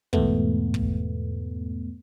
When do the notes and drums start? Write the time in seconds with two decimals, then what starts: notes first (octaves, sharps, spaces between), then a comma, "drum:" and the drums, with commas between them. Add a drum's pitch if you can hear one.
0.13 E2 G#2 B2 A3 B3, drum: kick
0.74 drum: kick